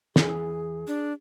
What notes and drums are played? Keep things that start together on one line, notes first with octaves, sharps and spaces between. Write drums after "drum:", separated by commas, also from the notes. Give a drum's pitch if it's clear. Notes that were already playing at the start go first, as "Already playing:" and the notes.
E2 E3 G#4, drum: snare
D4